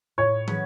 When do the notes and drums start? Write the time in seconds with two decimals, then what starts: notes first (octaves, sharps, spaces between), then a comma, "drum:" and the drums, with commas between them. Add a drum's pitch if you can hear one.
0.18 A2 C#5
0.48 F#3 C#4 G#4 B4, drum: tom